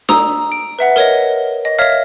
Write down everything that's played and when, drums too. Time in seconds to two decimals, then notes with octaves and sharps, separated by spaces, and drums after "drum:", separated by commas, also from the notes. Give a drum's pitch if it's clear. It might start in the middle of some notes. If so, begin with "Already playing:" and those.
0.09 A#5 D#6 E6, drum: snare D4
0.52 D7
0.79 B4 E5 F#5
0.96 A#4 C#5 D#5, drum: hi-hat
1.65 D#5
1.79 C#5 E5 F5 F6